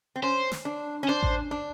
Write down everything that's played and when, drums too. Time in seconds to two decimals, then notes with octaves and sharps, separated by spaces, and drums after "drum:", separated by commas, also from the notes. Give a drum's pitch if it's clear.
0.16 C4
0.23 C#4 C5
0.52 drum: snare
0.65 D4
1.03 C#4
1.09 D4 C5
1.23 drum: kick A1
1.51 D4